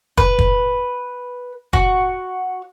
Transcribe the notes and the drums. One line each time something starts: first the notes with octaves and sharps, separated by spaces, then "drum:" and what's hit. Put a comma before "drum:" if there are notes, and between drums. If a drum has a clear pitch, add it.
B4, drum: kick
drum: kick
F#4, drum: kick